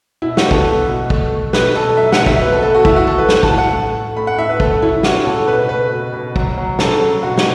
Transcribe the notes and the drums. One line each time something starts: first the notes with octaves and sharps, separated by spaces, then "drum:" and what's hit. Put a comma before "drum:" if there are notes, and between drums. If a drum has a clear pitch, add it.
B2 E4
F#4, drum: snare
B3
A4, drum: kick
B3
B2
A3, drum: kick
A3
B2 B4, drum: snare
B2 A4
F#3 E5
F#5, drum: snare
B2
E5, drum: kick
B2 B4
A4
B3 A4
F#4
A3 E4, drum: kick
F#4
E3 A4
B4
A2, drum: snare
A5, drum: kick
A2
F#5
A3
A3
A3 B5
F#5
A2 E5
B4
A3 A4, drum: kick
C#3 E4
A3 F#4, drum: snare
C#3 A4
B2 B4
A3 B4
B2
B2
F#3, drum: kick
F#3
C#3 A4, drum: snare
F#3
B2 F#4
drum: snare